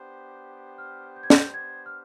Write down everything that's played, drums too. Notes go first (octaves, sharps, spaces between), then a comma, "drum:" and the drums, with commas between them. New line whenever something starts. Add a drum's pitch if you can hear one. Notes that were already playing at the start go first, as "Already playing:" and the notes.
Already playing: B3 D4 G4 C5
F6
G6
G#6
G6, drum: snare
G#6
F6